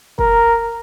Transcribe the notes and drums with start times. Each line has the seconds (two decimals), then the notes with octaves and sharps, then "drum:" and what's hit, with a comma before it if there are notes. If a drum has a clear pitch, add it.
0.19 A#4, drum: kick